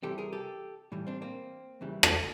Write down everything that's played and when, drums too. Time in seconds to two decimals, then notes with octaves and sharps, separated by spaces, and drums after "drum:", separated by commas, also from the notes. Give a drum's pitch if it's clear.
0.03 E2 C3 E3 G3 G4 A4
0.18 G#4 A#4
0.33 G4 A4
0.92 A2 E3 G3
1.07 C4 D4
1.22 A#3 C4
1.81 E2 C#3 E3 G3
2.03 drum: rim click